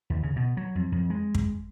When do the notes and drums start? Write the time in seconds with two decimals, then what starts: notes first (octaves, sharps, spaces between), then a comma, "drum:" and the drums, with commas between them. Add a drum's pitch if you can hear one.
0.10 D#2
0.23 C#3
0.36 B2
0.57 F#3
0.75 F2
0.92 F2
1.10 G#3
1.35 drum: kick